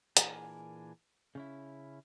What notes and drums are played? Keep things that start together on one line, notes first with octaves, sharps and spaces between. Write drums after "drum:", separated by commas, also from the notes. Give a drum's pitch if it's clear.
A#2 E3 D4 G#4 A#4 G#5, drum: hi-hat
C#3 C#4 E4